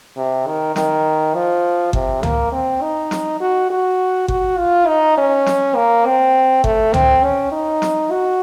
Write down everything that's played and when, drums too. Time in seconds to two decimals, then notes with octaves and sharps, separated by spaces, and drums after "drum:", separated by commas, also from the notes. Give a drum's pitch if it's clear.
0.17 C3
0.47 D#3
0.76 D#3, drum: snare
1.35 F3
1.93 C3, drum: kick G1
2.23 A#3, drum: tom
2.52 C4
2.82 D#4
3.11 drum: snare
3.41 F#4
3.70 F#4
4.28 F#4, drum: kick G1
4.58 F4
4.87 D#4
5.18 C#4
5.46 drum: snare
5.75 A#3
6.05 C4
6.64 A3, drum: kick G1
6.94 C4, drum: tom
7.23 C#4
7.52 D#4
7.82 drum: snare
8.11 F#4